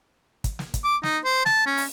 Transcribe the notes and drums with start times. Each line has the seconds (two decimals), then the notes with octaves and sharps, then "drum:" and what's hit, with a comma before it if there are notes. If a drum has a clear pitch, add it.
0.44 drum: kick, hi-hat
0.59 drum: snare
0.74 drum: kick, hi-hat
0.84 D6
1.03 D#4, drum: snare
1.24 C5
1.46 A5, drum: snare
1.66 C#4
1.77 drum: open hi-hat